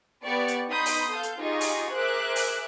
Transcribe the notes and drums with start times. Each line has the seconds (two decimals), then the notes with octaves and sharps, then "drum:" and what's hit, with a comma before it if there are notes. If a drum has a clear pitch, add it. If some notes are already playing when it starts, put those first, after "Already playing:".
0.24 B3 G4 D5 C#6 C#7
0.48 drum: hi-hat
0.70 B3 D#4 B5 C6 D#6 G6
0.86 drum: open hi-hat
1.13 A4 F5 G6
1.23 drum: hi-hat
1.42 D#4 F4 G4 G#4 D#5 C#6
1.61 drum: open hi-hat
1.96 G#4 A#4 C5 E5 D6 F#6
2.36 drum: open hi-hat